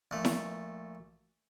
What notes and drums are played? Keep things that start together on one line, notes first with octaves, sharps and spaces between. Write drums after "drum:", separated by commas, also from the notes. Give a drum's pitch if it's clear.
A#1 A3
drum: snare E4